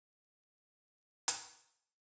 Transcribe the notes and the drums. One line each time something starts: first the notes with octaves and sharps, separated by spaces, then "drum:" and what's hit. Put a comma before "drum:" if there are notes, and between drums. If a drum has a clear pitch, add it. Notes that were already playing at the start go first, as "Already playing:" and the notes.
Already playing: E2 C#3 E3 G3
E4 G4
C#4 E4
drum: hi-hat